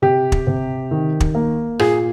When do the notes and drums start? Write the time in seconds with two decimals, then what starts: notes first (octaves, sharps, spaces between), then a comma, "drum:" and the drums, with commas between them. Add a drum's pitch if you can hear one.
0.02 C3 G4
0.32 drum: kick
0.47 C3
0.91 D#3
1.20 drum: kick
1.35 A#3
1.79 A#2 G#4, drum: rim click